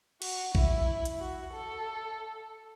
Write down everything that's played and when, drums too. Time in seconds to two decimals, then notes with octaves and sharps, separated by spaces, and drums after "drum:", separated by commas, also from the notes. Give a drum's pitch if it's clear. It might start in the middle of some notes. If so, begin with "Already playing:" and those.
0.22 F#4, drum: cymbal
0.55 E4, drum: kick A#1
1.05 drum: hi-hat
1.21 F#4
1.54 A4